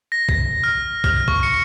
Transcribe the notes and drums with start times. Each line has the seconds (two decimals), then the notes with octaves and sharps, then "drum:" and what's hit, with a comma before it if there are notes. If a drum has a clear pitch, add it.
0.12 A#6
0.29 drum: kick
0.64 F6
1.04 F6, drum: kick
1.28 C#6, drum: kick
1.43 C#7